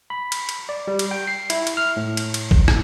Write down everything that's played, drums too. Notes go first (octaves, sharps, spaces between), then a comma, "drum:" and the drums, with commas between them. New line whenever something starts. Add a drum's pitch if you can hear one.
B5
drum: cymbal
drum: cymbal
D5
G3
drum: cymbal
G5
C7
E4, drum: cymbal
drum: cymbal
F6
A2
drum: cymbal
drum: cymbal
drum: kick A1
drum: rim click